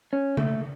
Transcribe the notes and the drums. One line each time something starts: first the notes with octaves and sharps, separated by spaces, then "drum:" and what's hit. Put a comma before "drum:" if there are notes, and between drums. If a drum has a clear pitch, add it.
C#4
A3, drum: tom C#3